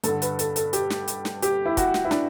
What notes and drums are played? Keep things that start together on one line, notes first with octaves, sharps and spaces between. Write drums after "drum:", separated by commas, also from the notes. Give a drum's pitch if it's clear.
G2 D3 A4, drum: hi-hat
B4, drum: hi-hat
A4, drum: hi-hat
A4, drum: hi-hat
G4, drum: hi-hat
drum: snare
drum: hi-hat
drum: snare
G4, drum: hi-hat
E4
F#4, drum: kick, hi-hat
drum: snare
E4
D4, drum: snare